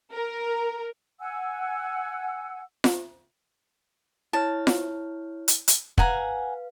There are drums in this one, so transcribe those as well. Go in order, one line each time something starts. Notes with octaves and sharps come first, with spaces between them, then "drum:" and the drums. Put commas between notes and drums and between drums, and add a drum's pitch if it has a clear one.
A#4
F#5 G#5 E6
drum: snare F4
E4 C#5 A5 F6
drum: snare F4
drum: hi-hat
drum: hi-hat
B4 F5 F#5 G#5 A#5, drum: kick